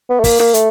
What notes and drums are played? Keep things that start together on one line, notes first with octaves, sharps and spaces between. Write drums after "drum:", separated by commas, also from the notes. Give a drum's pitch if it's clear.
B3
A3
A#3, drum: kick, open hi-hat
A#3, drum: snare
A3, drum: hi-hat